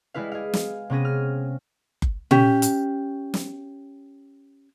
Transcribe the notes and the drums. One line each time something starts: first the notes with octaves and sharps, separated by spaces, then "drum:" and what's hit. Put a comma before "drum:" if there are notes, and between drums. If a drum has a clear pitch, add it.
G3 G#3 E4 B4 F5
G#4 F5
drum: snare
C3 B3 C#4 G#4 A#6 D#7
F6
drum: kick F#1
C#4 G4, drum: tom A#2
drum: hi-hat
drum: snare